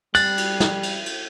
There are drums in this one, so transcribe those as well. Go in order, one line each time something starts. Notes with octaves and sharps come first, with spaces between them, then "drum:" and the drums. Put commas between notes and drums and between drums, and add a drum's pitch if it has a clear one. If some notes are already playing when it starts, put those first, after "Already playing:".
G3 F#6 A6, drum: cymbal
drum: cymbal
drum: snare
drum: cymbal
drum: cymbal